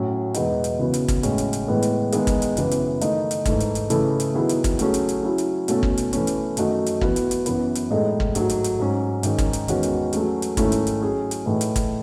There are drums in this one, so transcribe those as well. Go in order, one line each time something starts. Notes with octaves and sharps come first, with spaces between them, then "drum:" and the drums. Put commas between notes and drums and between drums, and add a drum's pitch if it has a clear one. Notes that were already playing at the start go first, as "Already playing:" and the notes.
Already playing: A2 F#3 C#4
E2 B2 G#3 B3 D#4, drum: hi-hat
drum: hi-hat
C#3 E3 B3 F#4
drum: hi-hat
drum: kick, hi-hat
A2 G#3 C#4, drum: hi-hat
drum: hi-hat
drum: hi-hat
A2 E3 G#3 B3
drum: hi-hat
D#3 G#3 B3 D#4 G#4, drum: hi-hat
drum: kick, hi-hat
drum: hi-hat
F#2 C#3 E3 B3 E4, drum: hi-hat
drum: hi-hat
D#3 A3 D#4, drum: hi-hat
drum: hi-hat
G#2 E3 A3 D#4, drum: kick, hi-hat
drum: hi-hat
drum: hi-hat
C#3 E3 A3 E4 A4, drum: hi-hat
drum: hi-hat
D#3 F#3 B3 E4 G#4
drum: hi-hat
drum: kick, hi-hat
F#3 A3 C#4 G#4, drum: hi-hat
drum: hi-hat
drum: hi-hat
F#3 C#4 E4
drum: hi-hat
B2 A3 C#4 F#4 A4, drum: hi-hat
drum: kick
drum: hi-hat
E3 A3 C#4, drum: hi-hat
drum: hi-hat
F#2 D#3 A3 D#4 F#4, drum: hi-hat
drum: hi-hat
E3 B3 F#4, drum: kick
drum: hi-hat
drum: hi-hat
F#2 E3 B3, drum: hi-hat
drum: hi-hat
A2 G#3 D#4 A4
drum: kick
G#2 F#3 A3, drum: hi-hat
drum: hi-hat
drum: hi-hat
G#2 F#3 C#4
G#2 D#3 G#3 C#4, drum: hi-hat
drum: kick, hi-hat
drum: hi-hat
E2 D#3 G#3 C#4 F#4, drum: hi-hat
drum: hi-hat
F#3 A3 C#4 G#4, drum: hi-hat
drum: hi-hat
G#2 D#3 A3 C#4 E4, drum: kick, hi-hat
drum: hi-hat
drum: hi-hat
F#3 C#4 G#4
drum: hi-hat
A2 E3 A3 D#4
drum: hi-hat
drum: kick, hi-hat